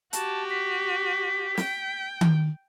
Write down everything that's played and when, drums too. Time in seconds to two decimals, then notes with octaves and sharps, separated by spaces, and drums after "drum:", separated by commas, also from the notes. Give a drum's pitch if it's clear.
0.13 F#4 G4 A5, drum: hi-hat
0.50 B6
1.57 G5, drum: snare
2.21 drum: tom D#3